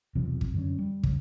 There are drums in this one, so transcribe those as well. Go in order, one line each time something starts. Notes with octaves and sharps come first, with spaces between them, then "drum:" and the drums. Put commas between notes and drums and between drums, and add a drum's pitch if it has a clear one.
B1 E2 C3 F3
drum: kick
F#2 D3 C#4
G3
F2 C#3, drum: kick